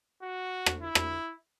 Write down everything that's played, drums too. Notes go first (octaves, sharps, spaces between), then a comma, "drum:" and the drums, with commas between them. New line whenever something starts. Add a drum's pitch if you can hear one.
F#4
drum: rim click
E4
drum: rim click